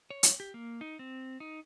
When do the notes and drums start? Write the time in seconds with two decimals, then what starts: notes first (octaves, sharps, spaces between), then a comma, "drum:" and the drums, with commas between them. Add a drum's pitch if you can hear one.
0.10 C#5
0.23 drum: hi-hat
0.40 G4
0.54 A#3
0.81 D#4
0.99 C4
1.40 D#4